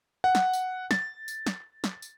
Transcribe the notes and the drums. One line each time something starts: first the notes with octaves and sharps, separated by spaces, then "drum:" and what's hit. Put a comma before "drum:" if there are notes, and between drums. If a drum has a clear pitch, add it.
F#5
drum: snare
drum: tambourine
A6, drum: snare
drum: tambourine
drum: snare
drum: snare
drum: tambourine